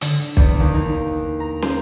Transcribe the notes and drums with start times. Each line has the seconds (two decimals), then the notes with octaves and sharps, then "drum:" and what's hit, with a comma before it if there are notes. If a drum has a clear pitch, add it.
0.01 D3, drum: hi-hat
0.37 E2, drum: kick
0.60 D#2
0.74 D#4
1.40 A#5
1.62 C5, drum: snare